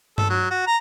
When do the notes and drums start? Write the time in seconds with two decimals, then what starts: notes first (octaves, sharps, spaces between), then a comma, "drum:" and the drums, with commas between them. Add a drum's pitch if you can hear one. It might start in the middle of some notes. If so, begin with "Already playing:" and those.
0.18 A4, drum: tom G2
0.30 F#3
0.51 F#4
0.67 A#5